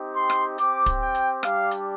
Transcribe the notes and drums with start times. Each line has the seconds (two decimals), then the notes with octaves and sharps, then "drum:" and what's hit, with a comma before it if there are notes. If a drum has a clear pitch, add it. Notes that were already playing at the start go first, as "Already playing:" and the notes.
Already playing: C4 D#4 G4
0.15 C6
0.30 drum: rim click
0.58 C4 G4 D6, drum: hi-hat
0.86 drum: kick, hi-hat
1.00 G5
1.15 drum: hi-hat
1.43 G3 D4 G4 F5, drum: rim click
1.71 drum: hi-hat